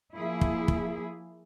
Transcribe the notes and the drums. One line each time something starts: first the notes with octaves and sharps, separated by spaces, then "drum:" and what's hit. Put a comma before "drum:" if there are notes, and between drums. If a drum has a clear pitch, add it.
F3 A#3 E4 G#4
drum: kick
drum: kick